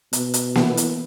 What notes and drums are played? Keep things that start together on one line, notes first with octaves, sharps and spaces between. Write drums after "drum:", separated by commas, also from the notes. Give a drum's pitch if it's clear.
B2, drum: hi-hat
drum: hi-hat
E3 B3 E4, drum: snare A#3
drum: hi-hat